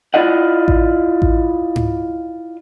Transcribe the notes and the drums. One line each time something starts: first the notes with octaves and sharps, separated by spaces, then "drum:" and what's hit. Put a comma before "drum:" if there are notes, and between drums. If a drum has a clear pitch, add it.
E4 F4 D5 D#5 F#5
drum: kick A1
drum: kick A1
drum: tom G#2